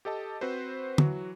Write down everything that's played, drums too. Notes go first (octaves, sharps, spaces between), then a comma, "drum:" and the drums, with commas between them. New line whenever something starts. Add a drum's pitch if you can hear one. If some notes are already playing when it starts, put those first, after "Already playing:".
G4 A4 D#5 A5
C4 F#4 B4 C5
E3 F#3 F#4, drum: tom